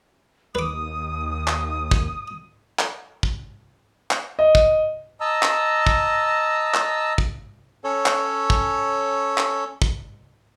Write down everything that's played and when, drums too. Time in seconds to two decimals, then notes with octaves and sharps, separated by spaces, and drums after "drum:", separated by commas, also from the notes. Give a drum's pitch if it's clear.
0.55 D#2 B4 D6 D#6
1.48 drum: clap
1.91 drum: kick
2.79 drum: clap
3.23 drum: kick
4.11 drum: clap
4.39 D#5
4.55 drum: kick
5.21 D#5 A5 A#5 E6
5.43 drum: clap
5.87 drum: kick
6.74 drum: clap
7.18 drum: kick
7.84 C#4 A4 C#5
8.06 drum: clap
8.50 drum: kick
9.38 drum: clap
9.82 drum: kick